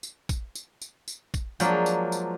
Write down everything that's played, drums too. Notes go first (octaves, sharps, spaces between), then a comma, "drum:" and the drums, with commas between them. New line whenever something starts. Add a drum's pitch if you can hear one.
drum: tambourine
drum: kick A1, tambourine
drum: tambourine
drum: tambourine
drum: tambourine
drum: kick A1, tambourine
F3 F#3 G#3 A#3 D4, drum: tambourine
drum: tambourine
drum: tambourine